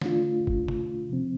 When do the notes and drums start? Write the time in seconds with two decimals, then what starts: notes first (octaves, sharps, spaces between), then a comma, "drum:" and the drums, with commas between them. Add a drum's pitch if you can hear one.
0.01 D3 A3 D4 F4, drum: snare
0.47 drum: kick F#1
0.68 drum: tom B2
1.09 C3 F3 C4